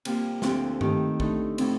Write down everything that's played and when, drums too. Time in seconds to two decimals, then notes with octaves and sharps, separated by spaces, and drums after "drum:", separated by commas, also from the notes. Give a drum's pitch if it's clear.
0.05 C3 G3 A#3 F4, drum: cymbal
0.42 D2 D3 F3 C4 G4, drum: snare
0.81 D#3 A3 D#4 G4, drum: tom G2
1.20 D3 A3 D#4, drum: kick
1.58 A2 F3 C4, drum: cymbal